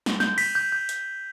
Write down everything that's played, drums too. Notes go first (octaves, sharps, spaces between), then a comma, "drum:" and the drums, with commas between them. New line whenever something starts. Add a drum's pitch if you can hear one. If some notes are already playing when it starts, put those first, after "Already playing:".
drum: snare
G6, drum: snare
B6, drum: cymbal
G6
G6
drum: hi-hat